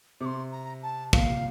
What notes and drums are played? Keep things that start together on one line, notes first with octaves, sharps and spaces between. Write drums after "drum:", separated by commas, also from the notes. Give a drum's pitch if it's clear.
C3 D6
C6
A#5
A5
A#2 F5, drum: kick